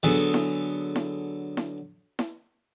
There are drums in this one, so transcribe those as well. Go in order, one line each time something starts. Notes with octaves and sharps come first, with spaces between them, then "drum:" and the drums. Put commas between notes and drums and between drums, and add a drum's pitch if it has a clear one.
D3 F#3 B3 G#4 A4 B4
drum: snare E4
drum: snare E4
drum: snare E4
drum: snare E4